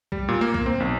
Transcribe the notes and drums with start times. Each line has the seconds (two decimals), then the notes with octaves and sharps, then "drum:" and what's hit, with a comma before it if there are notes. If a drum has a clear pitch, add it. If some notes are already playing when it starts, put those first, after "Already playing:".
0.12 G3, drum: kick
0.28 A#2
0.41 A#3
0.54 A#3, drum: kick
0.66 C4
0.80 B1